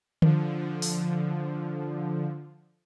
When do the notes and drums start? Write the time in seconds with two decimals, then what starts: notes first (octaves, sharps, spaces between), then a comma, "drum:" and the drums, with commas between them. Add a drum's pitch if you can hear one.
0.22 D3 F3, drum: tom D3
0.82 drum: open hi-hat